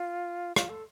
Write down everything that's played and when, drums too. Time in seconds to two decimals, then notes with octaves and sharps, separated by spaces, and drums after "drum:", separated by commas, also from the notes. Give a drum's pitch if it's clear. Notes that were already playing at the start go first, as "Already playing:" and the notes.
Already playing: F4
0.56 F4, drum: rim click
0.69 A4